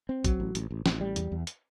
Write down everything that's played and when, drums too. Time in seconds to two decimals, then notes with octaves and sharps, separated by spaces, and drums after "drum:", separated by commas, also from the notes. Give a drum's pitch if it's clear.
0.09 C4
0.25 F#3, drum: kick, hi-hat
0.40 A1
0.55 A1, drum: hi-hat
0.71 A1
0.86 A1, drum: snare
1.01 G3
1.16 E2, drum: hi-hat
1.32 E2
1.47 drum: hi-hat